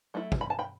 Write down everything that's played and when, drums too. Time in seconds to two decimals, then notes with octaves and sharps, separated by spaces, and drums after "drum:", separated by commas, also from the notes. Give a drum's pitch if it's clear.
0.14 F#3 A3 E4
0.32 drum: kick
0.41 B5
0.50 A5
0.59 G5 B5